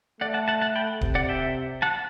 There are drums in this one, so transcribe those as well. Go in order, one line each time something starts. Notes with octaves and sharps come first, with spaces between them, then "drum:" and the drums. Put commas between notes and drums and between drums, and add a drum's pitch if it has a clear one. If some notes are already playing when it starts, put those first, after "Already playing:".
A3 D5 F#5
F#5 A5
F#5 A5
F#5 A5
G5 B5
C3, drum: kick D1
D5 F#5
E5 G5
F#5 A5